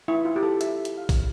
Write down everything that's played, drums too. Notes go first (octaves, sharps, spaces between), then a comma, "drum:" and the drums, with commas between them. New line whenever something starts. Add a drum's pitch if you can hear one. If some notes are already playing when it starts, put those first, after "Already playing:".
E4
F4
G4
A4
E5, drum: hi-hat
drum: hi-hat
F5
drum: kick, open hi-hat